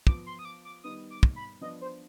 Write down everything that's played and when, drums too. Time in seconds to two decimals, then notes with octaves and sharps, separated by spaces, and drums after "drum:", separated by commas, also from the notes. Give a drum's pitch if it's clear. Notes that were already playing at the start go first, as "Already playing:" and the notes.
0.07 F3 B3 F4 D6, drum: kick
0.27 C6
0.39 D#6
0.45 D6
0.65 D6
0.84 D#3 G3 B3 D#4 D#6
1.11 D6
1.23 drum: kick
1.36 B5
1.61 F3 B3 D4 D#5
1.81 C5